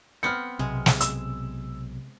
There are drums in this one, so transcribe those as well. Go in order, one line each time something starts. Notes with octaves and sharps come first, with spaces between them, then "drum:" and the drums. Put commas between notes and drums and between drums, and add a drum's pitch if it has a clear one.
B3 C4 F6 C#7
B1 C3 G#3
drum: snare
E6, drum: hi-hat